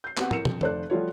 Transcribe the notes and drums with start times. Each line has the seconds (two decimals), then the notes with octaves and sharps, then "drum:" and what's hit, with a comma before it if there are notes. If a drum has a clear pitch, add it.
0.04 G6 C7
0.17 B3 C4 G4 F#5, drum: clap
0.31 A2 A#4 C#7 E7, drum: tom
0.45 F2, drum: tom
0.61 F1 A3 C5 D5 F#6, drum: tom
0.90 F3 G3 A3 F4 F#4 C#5